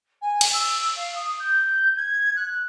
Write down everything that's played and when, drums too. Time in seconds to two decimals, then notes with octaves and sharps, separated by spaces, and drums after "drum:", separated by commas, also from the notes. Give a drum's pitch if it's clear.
0.21 G#5
0.41 drum: cymbal
0.53 E6
0.96 F5
1.15 D#6
1.39 G6
1.96 G#6
2.36 F#6